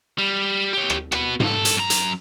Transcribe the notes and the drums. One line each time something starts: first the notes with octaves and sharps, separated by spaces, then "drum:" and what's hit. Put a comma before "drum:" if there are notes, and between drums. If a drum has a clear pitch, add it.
G3
G4 C#5
drum: rim click
B3 F#4, drum: rim click
G2 A4, drum: tom G#2
drum: hi-hat
F#2 A#5
drum: hi-hat